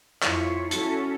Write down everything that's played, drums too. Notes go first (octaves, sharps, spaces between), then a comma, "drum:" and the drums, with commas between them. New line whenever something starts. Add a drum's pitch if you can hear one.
F2 E4 F4 C#5, drum: clap
C#4 E4 F#4 A4, drum: hi-hat